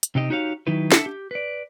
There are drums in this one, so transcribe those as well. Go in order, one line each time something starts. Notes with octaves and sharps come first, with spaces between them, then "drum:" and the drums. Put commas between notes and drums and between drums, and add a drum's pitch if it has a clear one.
drum: hi-hat
C3 C4 D#4 G4 D#5
D#4 F#4 G4 C#5 E5 F5
D#3 F#3 D#4 E4 B4
D4 A4 E5 F#5 A5, drum: snare
G4
B4 D5